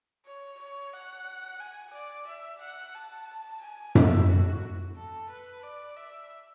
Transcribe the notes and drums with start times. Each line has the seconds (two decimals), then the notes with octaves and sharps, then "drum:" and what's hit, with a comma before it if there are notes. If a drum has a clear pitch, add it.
0.26 C#5
0.59 C#5
0.94 F#5
1.60 G#5
1.93 D5
2.27 E5
2.61 F#5
2.94 A5
3.61 G#5
3.95 E5, drum: tom F#2
4.28 F#4
4.96 A4
5.29 B4
5.63 D5
5.96 E5